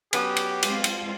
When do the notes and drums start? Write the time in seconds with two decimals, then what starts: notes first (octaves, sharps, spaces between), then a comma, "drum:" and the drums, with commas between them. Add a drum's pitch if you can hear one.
0.13 F#3 B3 C#4 G4, drum: cymbal
0.36 drum: cymbal
0.63 G#3 C4 F4, drum: cymbal
0.84 drum: cymbal